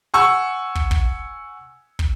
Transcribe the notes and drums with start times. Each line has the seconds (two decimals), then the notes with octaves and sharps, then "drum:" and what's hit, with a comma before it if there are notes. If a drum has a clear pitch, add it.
0.14 F#5 G#5 C#6 E6
0.75 drum: kick
0.91 drum: kick
1.99 drum: kick